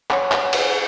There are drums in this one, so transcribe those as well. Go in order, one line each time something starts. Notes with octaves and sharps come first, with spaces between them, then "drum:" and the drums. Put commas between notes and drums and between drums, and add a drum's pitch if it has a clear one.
C#5 F#5 G#5, drum: clap
drum: clap
drum: cymbal